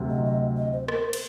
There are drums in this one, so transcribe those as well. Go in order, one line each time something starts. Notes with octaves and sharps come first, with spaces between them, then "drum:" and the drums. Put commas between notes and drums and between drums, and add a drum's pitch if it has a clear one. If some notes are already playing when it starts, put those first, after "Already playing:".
Already playing: D2 C3 F#3
D#5
D#5
D#5
C5
A#4, drum: rim click
drum: cymbal